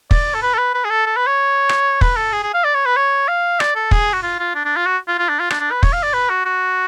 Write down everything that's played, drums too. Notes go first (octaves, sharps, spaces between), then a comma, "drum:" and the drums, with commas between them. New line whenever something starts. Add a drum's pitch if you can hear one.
D5, drum: kick
A4
B4
A4
B4
B4
G#4
A4
A4
B4
C#5
drum: rim click
B4, drum: kick
A4
G#4
G#4
F5
D5
C#5
B4
C#5
F5
D5, drum: rim click
A4
G#4, drum: kick
F#4
F4
F4
D4
D4
F4
F#4
F4
F4
D4
F4
D4, drum: rim click
D4
B4
C#5, drum: kick
F5
D5
B4
F#4
F#4